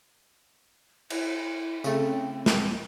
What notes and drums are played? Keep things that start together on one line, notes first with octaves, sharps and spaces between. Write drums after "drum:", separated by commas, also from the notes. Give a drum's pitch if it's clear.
E4, drum: cymbal
C#3 A3 C4, drum: tambourine
drum: snare